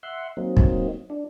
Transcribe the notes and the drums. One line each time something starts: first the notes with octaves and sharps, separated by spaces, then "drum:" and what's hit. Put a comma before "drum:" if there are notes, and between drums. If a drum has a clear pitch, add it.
E5 F#5 C6
F#3 A#3 C4 D#4
drum: kick
D4